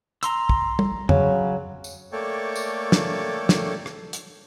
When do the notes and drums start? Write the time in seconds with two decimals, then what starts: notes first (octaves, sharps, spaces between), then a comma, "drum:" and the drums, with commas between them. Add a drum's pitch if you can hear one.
0.23 A#5 C6 E6, drum: hi-hat
0.49 drum: kick
0.79 drum: tom
1.09 C#3 F#3, drum: tom
1.84 drum: tambourine
2.12 A3 A#3 A4 C#5 D5 G5
2.55 drum: tambourine
2.92 drum: snare
3.49 drum: snare
3.86 drum: rim click
4.13 drum: hi-hat